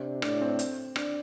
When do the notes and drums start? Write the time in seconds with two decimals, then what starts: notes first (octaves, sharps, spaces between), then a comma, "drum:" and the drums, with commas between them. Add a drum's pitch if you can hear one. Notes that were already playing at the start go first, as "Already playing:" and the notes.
Already playing: C3 D4
0.22 A2 D4, drum: rim click
0.41 C4
0.59 drum: hi-hat
0.96 D4, drum: rim click